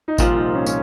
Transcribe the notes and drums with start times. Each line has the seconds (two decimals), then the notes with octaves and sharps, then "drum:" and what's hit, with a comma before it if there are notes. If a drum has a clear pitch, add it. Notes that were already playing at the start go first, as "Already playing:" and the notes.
0.08 D#4
0.18 C2 A#2 F3 F4, drum: kick G#1, tambourine
0.38 D#4
0.55 C#4
0.66 C#4, drum: tambourine